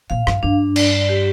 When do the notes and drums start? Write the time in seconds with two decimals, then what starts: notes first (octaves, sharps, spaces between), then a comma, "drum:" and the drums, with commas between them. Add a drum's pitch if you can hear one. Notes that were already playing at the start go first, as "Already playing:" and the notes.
0.10 A#2 F5
0.27 G2, drum: rim click
0.43 G2 D4
0.76 D5, drum: cymbal
1.09 G4